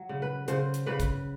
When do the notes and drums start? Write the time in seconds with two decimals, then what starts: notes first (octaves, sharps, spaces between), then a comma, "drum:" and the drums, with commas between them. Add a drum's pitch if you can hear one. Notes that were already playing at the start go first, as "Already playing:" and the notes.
Already playing: F#3
0.09 C#3
0.22 B4
0.48 C#3 C5, drum: hi-hat
0.74 drum: hi-hat
0.86 C#3 B4
1.00 drum: kick, hi-hat